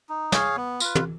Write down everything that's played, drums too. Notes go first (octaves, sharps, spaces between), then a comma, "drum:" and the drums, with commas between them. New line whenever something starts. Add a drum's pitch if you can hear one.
D#4
G#4 C#5 F5, drum: snare
B3
F4 B4, drum: tambourine
drum: tom